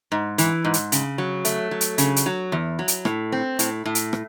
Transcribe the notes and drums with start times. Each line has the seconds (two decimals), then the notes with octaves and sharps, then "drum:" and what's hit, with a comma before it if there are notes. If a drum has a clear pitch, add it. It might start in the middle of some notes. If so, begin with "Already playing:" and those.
0.12 G#2
0.38 E3, drum: hi-hat
0.65 G#2
0.74 drum: hi-hat
0.92 C#3, drum: hi-hat
1.18 F#3
1.45 A3, drum: hi-hat
1.71 F#3
1.81 drum: hi-hat
1.98 C#3, drum: hi-hat
2.16 drum: hi-hat
2.26 F#3
2.52 E2
2.79 F#3
2.88 drum: hi-hat
3.05 A2, drum: rim click
3.32 C4
3.59 A2, drum: hi-hat
3.86 A2
3.95 drum: hi-hat
4.13 drum: rim click